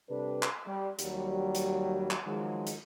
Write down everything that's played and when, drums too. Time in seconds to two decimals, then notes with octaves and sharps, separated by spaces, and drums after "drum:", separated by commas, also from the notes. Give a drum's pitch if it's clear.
0.10 C3 G3 D4 A4 B4
0.43 drum: clap
0.67 G3
0.99 D#2 F#3 G3, drum: hi-hat
1.55 drum: hi-hat
2.11 drum: clap
2.26 D#3 F3 F#3 G#3
2.67 drum: hi-hat